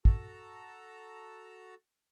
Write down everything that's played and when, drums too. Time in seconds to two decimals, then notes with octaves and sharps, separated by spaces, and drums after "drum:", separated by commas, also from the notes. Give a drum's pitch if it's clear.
0.05 F#4 A4 A5 A#5, drum: kick